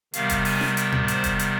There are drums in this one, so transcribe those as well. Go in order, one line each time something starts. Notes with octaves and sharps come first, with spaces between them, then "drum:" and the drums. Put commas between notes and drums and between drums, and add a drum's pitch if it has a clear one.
C3 D#3 G3 B3 F5, drum: hi-hat
drum: kick E1, hi-hat
G#5, drum: open hi-hat
drum: snare
G5, drum: hi-hat
drum: tom A2
C5, drum: hi-hat
drum: kick E1, hi-hat
drum: hi-hat